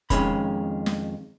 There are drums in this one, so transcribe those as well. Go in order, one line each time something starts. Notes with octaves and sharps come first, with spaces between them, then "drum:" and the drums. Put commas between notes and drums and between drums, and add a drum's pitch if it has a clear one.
F2 G#2 D#3 G#3 C#4 B5, drum: kick, hi-hat
drum: snare